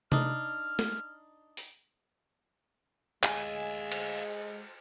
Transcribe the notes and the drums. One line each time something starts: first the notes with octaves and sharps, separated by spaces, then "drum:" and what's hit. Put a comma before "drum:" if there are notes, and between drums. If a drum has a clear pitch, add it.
D4 D#4 F6, drum: tom C3
drum: snare
drum: open hi-hat
G#3 D#5 F5 G#5, drum: clap
drum: cymbal